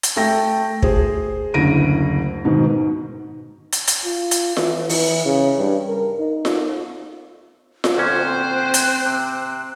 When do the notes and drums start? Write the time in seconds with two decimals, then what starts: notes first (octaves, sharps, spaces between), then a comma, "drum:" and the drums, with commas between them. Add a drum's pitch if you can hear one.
0.03 drum: hi-hat
0.16 A3 A4 E5 G5 A#6
0.82 G#4 C5, drum: kick
1.54 F#1 D2 E4 A#6 D7 D#7
2.45 G#2 B2 D#3
3.72 drum: hi-hat
3.87 drum: hi-hat
4.05 F4
4.31 drum: hi-hat
4.57 E3, drum: snare F4
4.89 E3, drum: open hi-hat
5.25 C#3
5.58 G2
5.88 A#4
6.19 D#4
6.45 drum: snare F4
7.84 drum: snare F4
7.98 D2 A#2 C4 C#4 C5 F#6
8.74 drum: hi-hat
9.06 C3